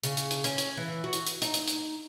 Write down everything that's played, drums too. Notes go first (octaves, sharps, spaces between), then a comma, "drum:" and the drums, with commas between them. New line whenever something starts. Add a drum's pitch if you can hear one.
C#3, drum: hi-hat
drum: hi-hat
drum: hi-hat
C#4, drum: hi-hat
drum: hi-hat
E3
F#4
drum: hi-hat
drum: hi-hat
D#4, drum: hi-hat
drum: hi-hat
drum: hi-hat